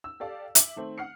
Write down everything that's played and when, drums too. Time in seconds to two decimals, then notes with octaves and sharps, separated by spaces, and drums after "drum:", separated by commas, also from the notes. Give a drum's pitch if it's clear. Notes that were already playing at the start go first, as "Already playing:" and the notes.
0.04 E6
0.20 G4 A4 D5 F5
0.55 E5 D6 F#7, drum: hi-hat
0.76 D#3 A3 C4
0.98 F#5 F6 C7 C#7